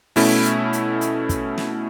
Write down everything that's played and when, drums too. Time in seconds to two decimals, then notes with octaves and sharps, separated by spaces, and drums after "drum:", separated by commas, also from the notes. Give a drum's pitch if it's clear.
0.16 B2 A3 C#4 E4, drum: open hi-hat
0.45 drum: hi-hat
0.73 drum: hi-hat
1.01 drum: hi-hat
1.29 drum: kick, hi-hat
1.58 drum: snare